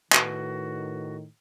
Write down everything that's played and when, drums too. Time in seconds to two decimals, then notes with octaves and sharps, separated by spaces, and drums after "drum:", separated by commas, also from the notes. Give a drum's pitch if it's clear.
0.12 A2 D#3 F#4 B4, drum: clap